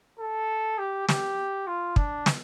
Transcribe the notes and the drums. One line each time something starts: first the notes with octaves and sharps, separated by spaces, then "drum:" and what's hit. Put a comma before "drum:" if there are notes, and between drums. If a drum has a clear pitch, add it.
A4
G4
G4, drum: snare
F4
D4, drum: kick
drum: snare